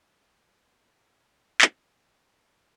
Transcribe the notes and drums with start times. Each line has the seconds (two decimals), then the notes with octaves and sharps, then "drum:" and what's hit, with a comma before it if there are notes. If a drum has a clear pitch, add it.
0.15 G4
0.32 A#3 C4 D4 D#5
1.61 drum: clap